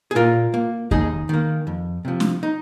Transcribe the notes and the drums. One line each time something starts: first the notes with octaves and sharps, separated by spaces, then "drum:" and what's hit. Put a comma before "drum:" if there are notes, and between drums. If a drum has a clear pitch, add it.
G#4
A#2 F4 A#4
A#3
D#2 D#4 G#4, drum: kick E2
D#3 A#3
F2
C3 F3
drum: snare
D#4